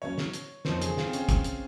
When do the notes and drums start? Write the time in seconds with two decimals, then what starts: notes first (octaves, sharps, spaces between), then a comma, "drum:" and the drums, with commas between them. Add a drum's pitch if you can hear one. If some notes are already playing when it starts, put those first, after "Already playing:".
0.02 A#2 F#3 C#4 F#4 C#5
0.18 drum: snare
0.33 drum: hi-hat
0.65 F2 C#3 F3 A#3 D#4 C5, drum: snare
0.81 G#4, drum: hi-hat
0.97 F4, drum: snare
1.07 C4
1.13 C#4, drum: hi-hat
1.29 drum: kick, hi-hat
1.44 drum: hi-hat